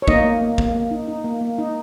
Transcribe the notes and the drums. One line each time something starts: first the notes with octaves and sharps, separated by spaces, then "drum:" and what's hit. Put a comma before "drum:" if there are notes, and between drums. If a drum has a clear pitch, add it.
C#5
A#3 D#4 D#5, drum: kick
A#3
A#3
A#3, drum: kick
A#3
D#4
D#4
A#3
A#3
D#4